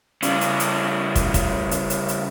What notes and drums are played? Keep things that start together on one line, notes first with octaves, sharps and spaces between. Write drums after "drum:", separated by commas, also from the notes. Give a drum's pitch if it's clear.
C#3 G3, drum: hi-hat
drum: hi-hat
drum: hi-hat
drum: kick, hi-hat
drum: kick, hi-hat
drum: hi-hat
drum: hi-hat
drum: hi-hat